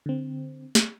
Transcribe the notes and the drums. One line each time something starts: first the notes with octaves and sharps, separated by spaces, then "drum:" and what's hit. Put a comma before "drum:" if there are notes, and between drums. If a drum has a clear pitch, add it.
D3 C4
drum: snare